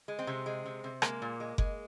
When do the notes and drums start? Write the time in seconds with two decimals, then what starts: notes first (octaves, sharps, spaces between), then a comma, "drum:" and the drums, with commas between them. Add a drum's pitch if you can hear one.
0.08 G#3
0.19 C4
0.27 C3
0.46 G#3
0.66 C3
0.84 C3
1.02 G#3 A#3, drum: rim click
1.22 A#2
1.40 G#3
1.58 G#3, drum: kick F#1